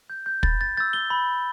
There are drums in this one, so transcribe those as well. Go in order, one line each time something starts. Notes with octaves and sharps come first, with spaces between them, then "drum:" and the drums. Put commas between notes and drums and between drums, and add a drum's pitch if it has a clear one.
G6
G6
B5 A6, drum: kick
A6
E6 G6 A6
G7
B5